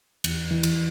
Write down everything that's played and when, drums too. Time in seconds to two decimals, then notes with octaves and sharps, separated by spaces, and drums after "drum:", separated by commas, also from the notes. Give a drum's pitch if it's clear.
0.24 E2, drum: cymbal
0.51 E3
0.63 drum: cymbal